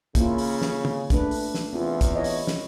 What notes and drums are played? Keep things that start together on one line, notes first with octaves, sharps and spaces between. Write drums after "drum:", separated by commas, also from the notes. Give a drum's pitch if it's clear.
C#3 A#3 E4 F4, drum: kick, hi-hat
drum: open hi-hat
drum: snare
drum: tom
A3 D4 B4, drum: kick, hi-hat
drum: open hi-hat
drum: snare
E2 C4 F4
drum: kick, hi-hat
E4 C#5 D#5
drum: open hi-hat
drum: snare